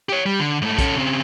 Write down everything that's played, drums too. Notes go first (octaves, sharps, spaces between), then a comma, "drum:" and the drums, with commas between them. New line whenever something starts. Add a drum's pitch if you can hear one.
G4 C#5
G3
D3
G#2 A3
C#4 A4, drum: kick B1, hi-hat
C#3 C4